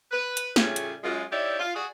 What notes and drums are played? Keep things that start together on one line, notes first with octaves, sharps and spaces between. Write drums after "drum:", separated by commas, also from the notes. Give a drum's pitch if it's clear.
B4
drum: hi-hat
A2 C#3 G3 A3 F4 G#4, drum: snare
drum: hi-hat
F#2 G#3 F4
D#4 E4 G4 C#5 D5 E5
F4
F#4 G#4 D5